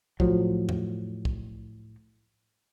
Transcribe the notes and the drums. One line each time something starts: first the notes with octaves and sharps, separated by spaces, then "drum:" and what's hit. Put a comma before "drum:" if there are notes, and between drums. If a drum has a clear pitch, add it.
A2 F3 F#3, drum: kick
drum: tom E2
drum: kick